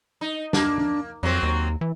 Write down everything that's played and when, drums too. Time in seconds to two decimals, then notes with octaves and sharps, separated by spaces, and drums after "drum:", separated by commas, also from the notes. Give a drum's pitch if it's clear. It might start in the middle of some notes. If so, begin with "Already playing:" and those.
0.21 D#4
0.53 A#3 D4, drum: snare
0.78 drum: tom
1.23 F2 F#3 A#3 C4
1.43 D#2
1.81 E3